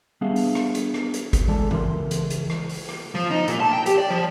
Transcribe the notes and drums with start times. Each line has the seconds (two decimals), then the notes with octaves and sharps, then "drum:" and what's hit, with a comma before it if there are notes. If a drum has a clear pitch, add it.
0.21 G3 B3 D4 G#4 E5 F5
0.36 drum: open hi-hat
0.55 drum: rim click
0.75 drum: hi-hat
0.94 drum: rim click
1.14 drum: hi-hat
1.33 drum: kick, hi-hat
1.48 E3 G#3 A4 D5 A5
1.71 C#2 E3 A#4 C6, drum: tom G2
2.11 drum: hi-hat
2.30 drum: hi-hat
2.50 drum: rim click
2.69 drum: open hi-hat
2.89 drum: rim click
3.15 F3
3.31 D#4
3.48 A#2, drum: hi-hat
3.60 A5
3.73 G5
3.86 G4, drum: hi-hat
3.98 D5
4.10 F3